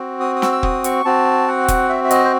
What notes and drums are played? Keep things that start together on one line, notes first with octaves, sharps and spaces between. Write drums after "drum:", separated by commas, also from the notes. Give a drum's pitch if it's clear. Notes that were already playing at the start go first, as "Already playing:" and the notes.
Already playing: C4 F#4
D#6
D#6
E6, drum: snare
E6
D#6, drum: kick
C#6, drum: hi-hat
C4 F#4 A5
F#5
drum: kick, hi-hat
E5
E5
D#5, drum: hi-hat
C5